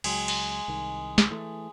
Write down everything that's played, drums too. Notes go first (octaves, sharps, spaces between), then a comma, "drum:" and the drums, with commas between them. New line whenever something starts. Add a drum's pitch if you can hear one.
C#2 F#3 G#3 G#4 C6, drum: cymbal
drum: cymbal
C2 D#3
drum: snare
E3 A3